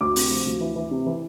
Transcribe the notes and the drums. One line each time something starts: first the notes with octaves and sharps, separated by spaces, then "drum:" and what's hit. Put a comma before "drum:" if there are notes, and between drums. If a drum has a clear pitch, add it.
D2 D6
C3, drum: open hi-hat
F3
D2
E3
E3
C3
E3